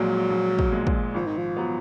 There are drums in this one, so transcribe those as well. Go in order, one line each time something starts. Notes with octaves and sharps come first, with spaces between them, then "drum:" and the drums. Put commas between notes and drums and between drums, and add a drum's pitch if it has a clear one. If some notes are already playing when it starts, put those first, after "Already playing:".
Already playing: A#1 A#2 F#3 G#3
A#1
drum: kick
A#2 G#3
drum: kick
G#1 F3
D#3
F3
F#3 B3